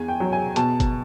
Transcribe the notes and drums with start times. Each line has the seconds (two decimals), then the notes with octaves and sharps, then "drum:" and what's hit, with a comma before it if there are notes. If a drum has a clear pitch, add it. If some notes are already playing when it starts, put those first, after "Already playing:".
Already playing: E2 G#5
0.08 G5
0.20 F#3
0.33 G#5
0.56 B2 A5, drum: hi-hat
0.80 drum: kick, hi-hat